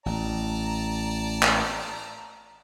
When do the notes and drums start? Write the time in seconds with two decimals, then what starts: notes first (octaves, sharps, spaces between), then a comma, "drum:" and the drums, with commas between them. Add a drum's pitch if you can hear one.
0.06 A1 D5 A5 A#5
1.42 drum: clap